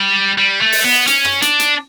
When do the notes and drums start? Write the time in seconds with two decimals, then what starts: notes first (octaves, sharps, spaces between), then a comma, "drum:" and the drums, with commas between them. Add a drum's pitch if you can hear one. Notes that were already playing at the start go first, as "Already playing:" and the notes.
Already playing: G3
0.38 G3
0.61 A3
0.72 drum: open hi-hat
0.84 B3
1.07 C#4, drum: hi-hat
1.25 drum: rim click
1.42 D4, drum: hi-hat
1.59 drum: hi-hat